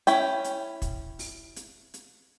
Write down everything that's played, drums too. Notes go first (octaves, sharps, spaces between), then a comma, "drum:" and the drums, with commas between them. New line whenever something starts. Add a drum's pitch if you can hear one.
C#4 E4 G5, drum: hi-hat
drum: hi-hat
drum: kick, hi-hat
drum: open hi-hat
drum: hi-hat
drum: hi-hat